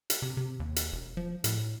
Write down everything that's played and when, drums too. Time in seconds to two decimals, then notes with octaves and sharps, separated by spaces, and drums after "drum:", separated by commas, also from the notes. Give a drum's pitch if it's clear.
0.10 drum: hi-hat
0.22 C3
0.37 C3
0.60 D#2
0.76 drum: hi-hat
0.92 E1
1.17 F3
1.44 A2, drum: hi-hat